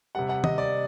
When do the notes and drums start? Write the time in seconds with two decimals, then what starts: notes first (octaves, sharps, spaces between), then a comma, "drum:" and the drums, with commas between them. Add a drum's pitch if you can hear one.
0.15 C3 G3 F#5
0.29 F#5
0.44 D#5, drum: tom D#3
0.58 D5